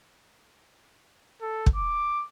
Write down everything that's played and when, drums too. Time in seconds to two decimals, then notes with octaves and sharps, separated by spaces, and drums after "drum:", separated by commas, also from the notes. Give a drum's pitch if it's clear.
1.42 A4
1.66 drum: kick
1.76 D6